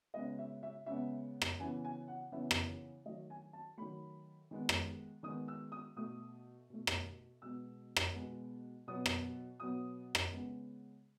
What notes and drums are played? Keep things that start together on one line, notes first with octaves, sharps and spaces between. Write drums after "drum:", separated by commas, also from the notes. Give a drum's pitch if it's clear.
C#3 G#3 B3 D#5
E5
E5
C#3 G#3 B3 E5
drum: rim click
C#3 E3 B3 G#5
G#5
F#5
C#3 E3 B3 E5
drum: rim click
D#3 F#3 A3 D#5
G#5
A5
D#3 F#3 A3 B5
D#3 G#3 B3
drum: rim click
D#3 G#3 B3 D#6
E6
D#6
B2 A3 D#6
B2 A3
drum: rim click
B2 G#3 B3 E6
drum: rim click
B2 G#3 B3
B2 F#3 B3 D#6
drum: rim click
B2 F#3 B3 D#6
drum: rim click
C#3 G#3 B3